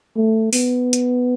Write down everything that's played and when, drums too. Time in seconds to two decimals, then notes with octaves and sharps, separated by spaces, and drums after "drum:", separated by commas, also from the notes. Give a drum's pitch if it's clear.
0.16 A3
0.53 B3, drum: open hi-hat
0.93 drum: hi-hat